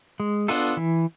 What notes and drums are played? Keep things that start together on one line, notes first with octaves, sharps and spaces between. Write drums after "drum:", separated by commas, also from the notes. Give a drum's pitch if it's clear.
G#3
B3 D4 F4 A4, drum: open hi-hat
E3